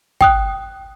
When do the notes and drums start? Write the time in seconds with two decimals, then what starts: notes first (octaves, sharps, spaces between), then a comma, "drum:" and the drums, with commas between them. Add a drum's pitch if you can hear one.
0.21 G5 D#6 F#6, drum: kick